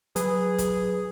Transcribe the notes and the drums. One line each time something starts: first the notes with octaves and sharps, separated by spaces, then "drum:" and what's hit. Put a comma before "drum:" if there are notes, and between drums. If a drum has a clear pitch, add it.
F#3 G#4 B4, drum: hi-hat
drum: kick, hi-hat